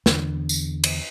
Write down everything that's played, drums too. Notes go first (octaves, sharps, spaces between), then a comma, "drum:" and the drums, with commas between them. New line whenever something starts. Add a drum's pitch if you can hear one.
E2 D3, drum: snare
drum: tambourine
drum: cymbal